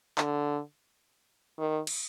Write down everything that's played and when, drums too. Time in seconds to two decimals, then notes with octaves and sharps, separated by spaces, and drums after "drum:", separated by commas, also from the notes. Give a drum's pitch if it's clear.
0.18 D3, drum: clap
1.58 D#3
1.87 drum: cymbal